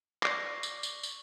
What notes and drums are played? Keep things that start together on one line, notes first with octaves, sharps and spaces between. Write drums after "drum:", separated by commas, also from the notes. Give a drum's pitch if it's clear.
D5 C#6 D6 A#6 C7, drum: clap
drum: tambourine
drum: tambourine
drum: tambourine